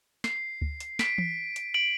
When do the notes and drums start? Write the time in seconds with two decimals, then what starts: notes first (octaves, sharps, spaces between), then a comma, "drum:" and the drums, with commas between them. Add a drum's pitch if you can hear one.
0.24 C7, drum: snare
0.62 drum: kick D2
0.80 drum: hi-hat
0.99 B6 D7, drum: snare
1.18 drum: tom E3
1.56 drum: hi-hat
1.74 D7 F#7